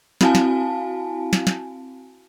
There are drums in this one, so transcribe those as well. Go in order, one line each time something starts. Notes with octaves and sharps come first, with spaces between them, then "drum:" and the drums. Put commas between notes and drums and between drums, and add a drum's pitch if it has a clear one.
C4 E4 F#4 F5 G#5 A5, drum: snare
drum: snare
drum: snare
drum: snare